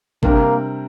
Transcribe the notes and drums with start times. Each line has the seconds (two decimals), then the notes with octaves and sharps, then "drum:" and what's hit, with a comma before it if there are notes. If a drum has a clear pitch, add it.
0.23 C3 G3 A#3 D4 A#4, drum: kick